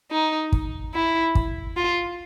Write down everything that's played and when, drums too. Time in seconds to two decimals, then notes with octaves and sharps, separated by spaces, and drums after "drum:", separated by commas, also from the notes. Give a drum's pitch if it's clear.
0.11 D#4
0.52 drum: kick
0.94 E4
1.35 drum: kick
1.77 F4